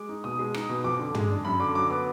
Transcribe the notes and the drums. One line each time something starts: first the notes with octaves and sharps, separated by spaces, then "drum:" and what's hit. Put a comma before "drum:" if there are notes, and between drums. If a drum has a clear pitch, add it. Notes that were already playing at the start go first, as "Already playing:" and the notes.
Already playing: G#3 D6
D#4
B2 D#6
G#3
D#4, drum: rim click
B2
F2 D6
D3
G#3, drum: tom
D4
F#2 B5
D3 D6
F#3 D6
B3 D6